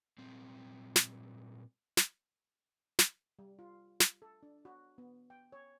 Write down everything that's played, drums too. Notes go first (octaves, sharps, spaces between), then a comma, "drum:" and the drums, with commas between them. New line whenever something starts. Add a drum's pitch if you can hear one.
A#2 G3 C4
drum: snare
drum: snare
drum: snare
G3
F4
drum: snare
A4
D4
F#4
B3
G5
C#5